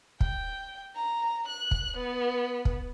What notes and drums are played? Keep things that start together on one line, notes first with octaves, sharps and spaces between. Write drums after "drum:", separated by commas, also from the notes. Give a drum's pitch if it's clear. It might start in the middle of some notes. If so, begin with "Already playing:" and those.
G5, drum: kick
A#5
F#6
drum: kick
B3
drum: kick